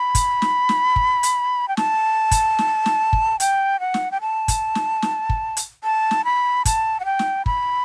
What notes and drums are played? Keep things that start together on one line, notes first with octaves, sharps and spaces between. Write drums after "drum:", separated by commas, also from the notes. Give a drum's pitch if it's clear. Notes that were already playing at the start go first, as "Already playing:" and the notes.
Already playing: B5
drum: kick, hi-hat
drum: snare
drum: snare
drum: kick
drum: hi-hat
G5
A5, drum: snare
drum: kick, hi-hat
drum: snare
drum: snare
drum: kick
G5, drum: hi-hat
F#5
drum: snare
G5
A5
drum: kick, hi-hat
drum: snare
drum: snare
drum: kick
drum: hi-hat
A5
drum: snare
B5
A5, drum: kick, hi-hat
F#5
G5
drum: snare
B5, drum: kick